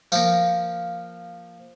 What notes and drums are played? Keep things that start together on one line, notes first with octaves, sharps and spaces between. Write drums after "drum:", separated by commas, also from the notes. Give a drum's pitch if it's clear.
F3 A#3, drum: tambourine